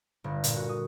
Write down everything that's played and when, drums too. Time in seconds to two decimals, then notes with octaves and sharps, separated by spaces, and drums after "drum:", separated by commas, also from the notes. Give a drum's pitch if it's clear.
0.24 G1
0.44 A#2, drum: hi-hat
0.56 F#4
0.69 D#6